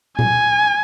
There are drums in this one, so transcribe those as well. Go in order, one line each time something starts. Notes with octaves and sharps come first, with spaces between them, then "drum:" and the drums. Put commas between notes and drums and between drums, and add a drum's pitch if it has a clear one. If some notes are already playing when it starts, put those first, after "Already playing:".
G#5, drum: tom A#2